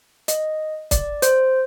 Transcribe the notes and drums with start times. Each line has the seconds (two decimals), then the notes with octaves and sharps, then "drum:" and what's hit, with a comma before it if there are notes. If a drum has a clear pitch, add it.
0.28 D#5, drum: hi-hat
0.91 D5, drum: kick, hi-hat
1.22 C5, drum: hi-hat